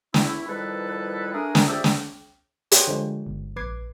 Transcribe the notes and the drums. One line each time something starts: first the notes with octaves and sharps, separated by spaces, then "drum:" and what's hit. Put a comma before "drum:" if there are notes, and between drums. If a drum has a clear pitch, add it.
E2 A3 E4, drum: snare
D#3 F3 G3 E4 A4 B4
A3 D4 G#4 A#4
drum: snare
F4 G4 G#4 C5 D5 E5
drum: snare
G#4 B4 C#5 D5 G5 B5, drum: hi-hat
D3 F3 G3 G#3
G1
A#1 B4 D6 G#6 C7